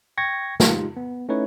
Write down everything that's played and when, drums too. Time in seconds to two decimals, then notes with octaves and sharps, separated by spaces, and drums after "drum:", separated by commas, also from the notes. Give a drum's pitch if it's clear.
0.18 G5 C#6 G#6 A#6 C#7
0.60 G#3 D#4 F4 G4, drum: snare
0.97 B3
1.29 A3 C#4 D#4 E4 B4 C#5